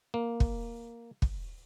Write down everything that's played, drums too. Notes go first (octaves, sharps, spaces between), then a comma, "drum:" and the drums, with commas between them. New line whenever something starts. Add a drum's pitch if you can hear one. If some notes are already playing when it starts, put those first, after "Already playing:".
A#3
drum: kick
drum: kick